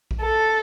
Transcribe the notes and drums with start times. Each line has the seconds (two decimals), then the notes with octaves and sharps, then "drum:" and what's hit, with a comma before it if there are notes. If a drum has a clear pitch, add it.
0.11 drum: kick B1
0.21 A4